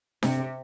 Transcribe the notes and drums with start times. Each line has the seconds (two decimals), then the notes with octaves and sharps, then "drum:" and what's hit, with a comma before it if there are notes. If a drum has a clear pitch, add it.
0.23 C3, drum: snare D4